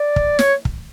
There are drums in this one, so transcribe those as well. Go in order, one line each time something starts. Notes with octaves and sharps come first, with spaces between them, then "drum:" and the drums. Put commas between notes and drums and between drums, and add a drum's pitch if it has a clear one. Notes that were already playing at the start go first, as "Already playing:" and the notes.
Already playing: D5
drum: kick
C#5, drum: snare
drum: kick